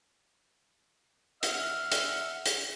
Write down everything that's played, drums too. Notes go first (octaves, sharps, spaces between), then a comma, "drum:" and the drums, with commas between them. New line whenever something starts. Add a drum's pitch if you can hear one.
E5 F#5 F6, drum: hi-hat
drum: hi-hat
drum: hi-hat